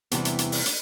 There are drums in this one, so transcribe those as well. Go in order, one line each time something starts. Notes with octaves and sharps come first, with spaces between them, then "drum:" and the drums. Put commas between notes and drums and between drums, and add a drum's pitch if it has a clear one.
E2 C3 E3 G3, drum: hi-hat
drum: hi-hat
drum: hi-hat
drum: open hi-hat
drum: hi-hat